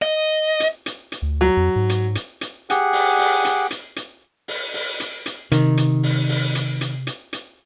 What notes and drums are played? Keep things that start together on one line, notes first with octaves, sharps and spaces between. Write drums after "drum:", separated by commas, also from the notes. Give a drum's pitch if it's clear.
D#5
drum: hi-hat
drum: hi-hat
drum: hi-hat
D2
F#3
F2
G#2
drum: hi-hat
drum: hi-hat
drum: hi-hat
G4 G#4 F#5, drum: hi-hat
drum: open hi-hat
drum: open hi-hat
drum: hi-hat
drum: hi-hat
drum: hi-hat
drum: open hi-hat
drum: open hi-hat
drum: hi-hat
drum: hi-hat
C3 D#3, drum: hi-hat
drum: hi-hat
drum: open hi-hat
drum: open hi-hat
drum: hi-hat
drum: hi-hat
drum: hi-hat
drum: hi-hat